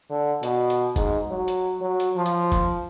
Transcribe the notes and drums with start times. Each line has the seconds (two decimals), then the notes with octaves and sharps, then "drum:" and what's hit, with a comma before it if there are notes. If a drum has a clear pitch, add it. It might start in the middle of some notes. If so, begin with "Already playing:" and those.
0.11 D3
0.43 B2, drum: hi-hat
0.70 drum: hi-hat
0.96 G#2, drum: kick F#1, hi-hat
1.30 F#3
1.48 drum: hi-hat
1.81 F#3
2.00 drum: hi-hat
2.17 F3
2.26 drum: hi-hat
2.52 drum: kick F#1, hi-hat